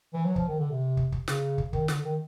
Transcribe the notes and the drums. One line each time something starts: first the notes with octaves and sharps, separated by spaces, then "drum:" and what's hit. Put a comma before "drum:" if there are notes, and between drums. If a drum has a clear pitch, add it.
E3
F#3
F3, drum: kick
D#3
D3
C3
drum: kick
drum: kick
C#3, drum: snare
drum: kick
D#3, drum: kick
D3, drum: snare
D#3